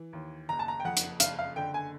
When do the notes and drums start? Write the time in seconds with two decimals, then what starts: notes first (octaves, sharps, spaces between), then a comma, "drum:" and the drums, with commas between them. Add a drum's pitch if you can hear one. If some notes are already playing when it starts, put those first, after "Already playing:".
Already playing: E3
0.13 D#2
0.49 F#1 A#5
0.59 A5
0.68 A#5
0.80 G5
0.85 F2 F#5
0.97 drum: hi-hat
1.20 F#1 F5, drum: hi-hat
1.39 F5
1.56 D3 G5
1.74 G#5